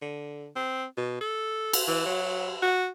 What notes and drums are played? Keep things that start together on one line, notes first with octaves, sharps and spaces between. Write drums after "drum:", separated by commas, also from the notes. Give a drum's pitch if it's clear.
D3
C4
B2
A4
drum: cymbal
E3
F#3
F#4